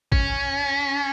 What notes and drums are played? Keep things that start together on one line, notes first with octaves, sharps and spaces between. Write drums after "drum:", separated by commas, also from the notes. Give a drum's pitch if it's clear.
C#4, drum: kick G#1